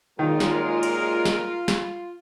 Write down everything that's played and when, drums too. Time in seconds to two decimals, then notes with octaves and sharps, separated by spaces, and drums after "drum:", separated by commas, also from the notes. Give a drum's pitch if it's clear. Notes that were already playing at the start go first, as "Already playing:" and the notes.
0.19 A#2 D#3 F#3 G#3 F4 A#4
0.40 drum: snare
0.83 drum: cymbal
1.25 drum: snare
1.68 drum: snare